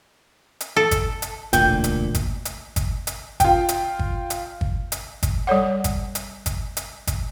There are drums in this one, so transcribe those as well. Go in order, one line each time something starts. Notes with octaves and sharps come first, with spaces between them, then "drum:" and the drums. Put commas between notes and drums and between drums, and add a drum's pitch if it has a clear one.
drum: hi-hat
A4
drum: kick, hi-hat
drum: hi-hat
E1 D2 A#2 G5, drum: kick, hi-hat
drum: hi-hat
drum: kick, hi-hat
drum: hi-hat
drum: kick, hi-hat
drum: hi-hat
F4 G5, drum: kick, hi-hat
drum: hi-hat
drum: kick
drum: hi-hat
drum: kick
drum: hi-hat
drum: kick, hi-hat
G3 A4 C#5 F#5
drum: kick, hi-hat
drum: hi-hat
drum: kick, hi-hat
drum: hi-hat
drum: kick, hi-hat